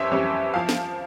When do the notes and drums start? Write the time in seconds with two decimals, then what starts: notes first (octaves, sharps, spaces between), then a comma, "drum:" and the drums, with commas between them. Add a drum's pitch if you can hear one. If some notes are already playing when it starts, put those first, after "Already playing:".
Already playing: F2 E3 G3 C#4 C5 E5
0.11 F2 E3 G3 C#4
0.54 F3 F5
0.69 drum: snare